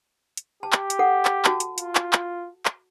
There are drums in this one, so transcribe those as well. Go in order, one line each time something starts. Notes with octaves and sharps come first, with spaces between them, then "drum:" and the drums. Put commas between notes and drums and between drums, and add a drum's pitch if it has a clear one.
drum: hi-hat
G4 A5
drum: clap
drum: hi-hat
A4 F#5
drum: clap
F#4 A5, drum: clap
drum: hi-hat
F4, drum: hi-hat
drum: clap
drum: clap
drum: clap